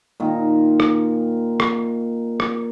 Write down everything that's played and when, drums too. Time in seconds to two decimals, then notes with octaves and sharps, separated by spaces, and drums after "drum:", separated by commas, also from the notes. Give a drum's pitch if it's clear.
0.20 A#2 D#3
0.80 drum: rim click
1.60 drum: rim click
2.40 drum: rim click